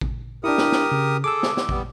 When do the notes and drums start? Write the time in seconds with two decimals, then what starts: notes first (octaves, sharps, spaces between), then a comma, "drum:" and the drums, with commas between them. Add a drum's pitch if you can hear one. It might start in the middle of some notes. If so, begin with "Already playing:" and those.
0.01 drum: kick A1
0.44 D4 E4 G4 A#4 D#6
0.58 drum: snare
0.72 drum: snare
0.92 C#3
1.24 G#4 A4 D6 E6
1.43 drum: snare
1.57 drum: snare
1.69 G3 B3, drum: kick A1